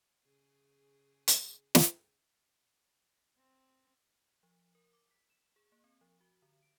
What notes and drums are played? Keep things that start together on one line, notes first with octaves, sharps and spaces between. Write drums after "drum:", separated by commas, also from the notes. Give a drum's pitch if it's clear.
C#3 G#4
drum: hi-hat
drum: snare
C4
F3
A#4
D6
B6
E7
G#4
A#3
C4
F3
F#4
D3
D7